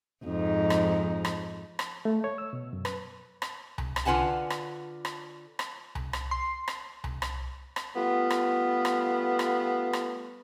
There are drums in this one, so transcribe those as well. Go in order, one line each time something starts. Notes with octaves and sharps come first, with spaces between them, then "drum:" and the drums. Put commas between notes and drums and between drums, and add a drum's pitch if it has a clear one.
F2 G#2 D#4
drum: rim click
drum: rim click
drum: rim click
A3
C#5
E6
B2
F#2
B4, drum: rim click
drum: rim click
drum: tom C2
drum: rim click
D3 F4 B4 F#5 G#5 A5
drum: rim click
drum: rim click
drum: rim click
drum: tom C2
drum: rim click
C6
drum: rim click
drum: tom C2
drum: rim click
drum: rim click
G3 A3 B3 F4
drum: rim click
drum: rim click
drum: rim click
drum: rim click